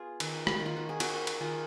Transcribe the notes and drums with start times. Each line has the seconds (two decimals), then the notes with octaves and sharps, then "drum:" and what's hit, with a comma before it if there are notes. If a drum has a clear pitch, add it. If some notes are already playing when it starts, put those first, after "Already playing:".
Already playing: B3 F4 G#4
0.20 D#3, drum: cymbal
0.47 drum: rim click
0.60 D#3
0.66 F4
0.77 F#4
0.89 G#4
1.00 D#3 F#4 A#4, drum: cymbal
1.27 drum: cymbal
1.41 D#3 F4 G#4